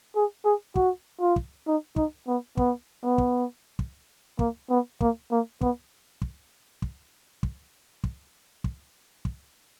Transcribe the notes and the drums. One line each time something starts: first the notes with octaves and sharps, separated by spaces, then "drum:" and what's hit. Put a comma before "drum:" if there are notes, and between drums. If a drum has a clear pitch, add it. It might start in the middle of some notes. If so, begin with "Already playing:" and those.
G#4
G#4
F#4, drum: kick
F4
drum: kick
D#4
D#4, drum: kick
B3
B3, drum: kick
B3
drum: kick
drum: kick
A#3, drum: kick
B3
A#3, drum: kick
A#3
B3, drum: kick
drum: kick
drum: kick
drum: kick
drum: kick
drum: kick
drum: kick